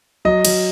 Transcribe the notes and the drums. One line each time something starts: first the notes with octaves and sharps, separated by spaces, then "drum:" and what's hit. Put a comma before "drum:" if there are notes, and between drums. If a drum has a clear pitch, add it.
F#3 D#5
F#3, drum: cymbal